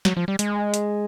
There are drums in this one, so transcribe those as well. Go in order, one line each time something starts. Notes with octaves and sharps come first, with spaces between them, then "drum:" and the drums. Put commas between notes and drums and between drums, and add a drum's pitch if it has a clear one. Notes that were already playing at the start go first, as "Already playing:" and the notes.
F#3, drum: snare
F3
G3
G#3, drum: hi-hat
drum: hi-hat